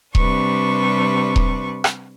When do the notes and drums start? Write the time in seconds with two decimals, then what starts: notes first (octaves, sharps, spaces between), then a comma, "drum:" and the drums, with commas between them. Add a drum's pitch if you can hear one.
0.15 C3 G3 D4 B4 C#6, drum: kick D#1
1.36 drum: kick D#1
1.84 drum: rim click